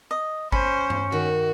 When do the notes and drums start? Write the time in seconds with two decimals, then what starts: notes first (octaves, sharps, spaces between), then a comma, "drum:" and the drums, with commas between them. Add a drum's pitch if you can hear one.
0.11 D#5
0.52 C#4 C5 B5, drum: kick G#1
0.90 drum: tom G2
1.12 D#3 F#4